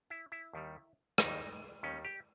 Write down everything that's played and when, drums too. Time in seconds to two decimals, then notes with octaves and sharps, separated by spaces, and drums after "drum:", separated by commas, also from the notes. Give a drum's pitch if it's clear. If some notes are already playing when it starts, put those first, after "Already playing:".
0.10 E4
0.32 E4
0.53 D#2 D#3 G3
1.18 D#2 D#3 G3 D#4, drum: rim click
1.83 D#2 D#3 G3 C#4
2.05 G4